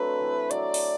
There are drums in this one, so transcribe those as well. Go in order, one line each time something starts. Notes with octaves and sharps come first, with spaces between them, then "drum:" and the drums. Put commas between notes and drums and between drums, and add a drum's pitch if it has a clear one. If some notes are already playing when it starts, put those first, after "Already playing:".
Already playing: F#3 A3 C4 D4 B4
E3
F#3 D5, drum: hi-hat
drum: open hi-hat